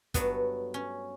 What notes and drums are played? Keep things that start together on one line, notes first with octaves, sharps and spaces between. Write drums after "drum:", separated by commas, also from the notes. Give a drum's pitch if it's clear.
G2 F#3 A3 B3, drum: kick, hi-hat
C#4